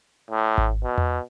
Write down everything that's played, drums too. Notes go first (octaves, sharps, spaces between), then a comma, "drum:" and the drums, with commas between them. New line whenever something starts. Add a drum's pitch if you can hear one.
A2
drum: kick G#1
B2
drum: tom E2